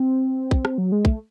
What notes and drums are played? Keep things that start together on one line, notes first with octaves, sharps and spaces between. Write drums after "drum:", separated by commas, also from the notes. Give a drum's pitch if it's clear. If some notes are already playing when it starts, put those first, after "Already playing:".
Already playing: C4
drum: kick
drum: rim click
F#3
G#3
A3, drum: kick